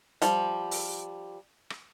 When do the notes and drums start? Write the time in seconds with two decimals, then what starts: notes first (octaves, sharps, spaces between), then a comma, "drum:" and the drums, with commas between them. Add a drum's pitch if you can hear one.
0.22 F3 G3, drum: hi-hat
0.71 drum: open hi-hat
1.70 drum: rim click